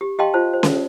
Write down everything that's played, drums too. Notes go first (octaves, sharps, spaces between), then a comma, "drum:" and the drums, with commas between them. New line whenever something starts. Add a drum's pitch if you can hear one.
G4
G4 D#5 F5 G5 A5 C6
F4 C5 A5
C5
drum: snare C#4